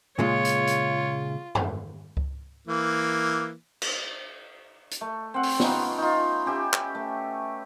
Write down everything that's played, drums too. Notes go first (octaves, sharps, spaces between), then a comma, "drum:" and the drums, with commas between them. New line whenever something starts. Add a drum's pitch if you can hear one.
A#2 C#3 G#3 F4 C#5
drum: hi-hat
drum: hi-hat
drum: tom
drum: kick C#2
E3 A#3
drum: cymbal
drum: hi-hat
A3
C4 F#5
drum: open hi-hat
B3 C#4 D#4 F4, drum: snare
D#4 F4
C#4 G4 E5
drum: clap
A3